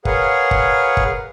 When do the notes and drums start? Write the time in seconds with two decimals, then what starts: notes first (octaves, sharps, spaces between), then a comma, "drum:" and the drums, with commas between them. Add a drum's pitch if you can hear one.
0.05 G#4 A#4 B4 C#5 F5 F#5, drum: kick G1
0.51 drum: kick G1
0.97 drum: kick G1